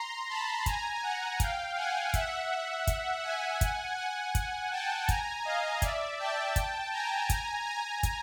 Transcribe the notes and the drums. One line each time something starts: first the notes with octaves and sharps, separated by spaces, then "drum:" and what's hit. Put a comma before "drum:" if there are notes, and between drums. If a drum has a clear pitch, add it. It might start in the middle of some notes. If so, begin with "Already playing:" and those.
Already playing: A#5 C6
A5 B5
G#5 A#5, drum: kick, hi-hat
F#5 G#5
F5 G5, drum: kick, hi-hat
F#5 G#5
E5 F#5, drum: kick, hi-hat
drum: kick, hi-hat
F#5 G#5
drum: kick, hi-hat
F#5 G#5
drum: kick, hi-hat
G5 A5
G#5 A#5, drum: kick, hi-hat
D#5 F5
D5 E5, drum: kick, hi-hat
G5 A5
drum: kick, hi-hat
G#5 A#5
G#5 A#5, drum: kick, hi-hat
G#5 A#5
drum: kick, hi-hat